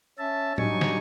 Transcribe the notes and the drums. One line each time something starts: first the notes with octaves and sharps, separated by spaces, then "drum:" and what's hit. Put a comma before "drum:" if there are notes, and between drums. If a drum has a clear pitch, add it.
C#4 E5 A5
F#3 G3 D4 D#4 G#5 C#6, drum: tom A2
drum: snare